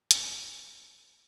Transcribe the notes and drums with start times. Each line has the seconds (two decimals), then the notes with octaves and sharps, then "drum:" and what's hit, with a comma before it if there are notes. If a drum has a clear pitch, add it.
0.11 C3, drum: hi-hat